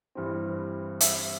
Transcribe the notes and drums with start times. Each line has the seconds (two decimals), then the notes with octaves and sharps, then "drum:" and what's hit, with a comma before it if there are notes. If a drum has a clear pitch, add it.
0.15 G2 E3 G3 C4
1.01 E5, drum: hi-hat